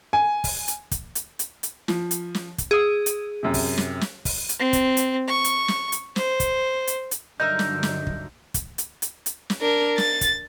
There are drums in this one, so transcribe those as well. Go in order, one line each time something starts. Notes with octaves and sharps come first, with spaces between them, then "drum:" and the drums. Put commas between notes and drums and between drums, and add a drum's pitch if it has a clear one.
G#5
drum: kick, open hi-hat
drum: hi-hat
drum: kick, hi-hat
drum: hi-hat
drum: hi-hat
drum: hi-hat
F3, drum: snare
drum: hi-hat
drum: snare
drum: kick, hi-hat
G#4 D#6 E6
drum: hi-hat
F#2 C3
drum: kick, open hi-hat
drum: snare
drum: snare
drum: kick, open hi-hat
drum: hi-hat
C4
drum: kick, hi-hat
drum: hi-hat
C#6
drum: hi-hat
drum: snare
drum: hi-hat
C5, drum: snare
drum: kick, hi-hat
drum: hi-hat
drum: hi-hat
G2 D3 F#3 D#4 A#4 E5 G6
drum: snare
drum: snare
drum: kick
drum: kick, hi-hat
drum: hi-hat
drum: hi-hat
drum: hi-hat
drum: snare
D4 A#4
A6, drum: snare
drum: kick, hi-hat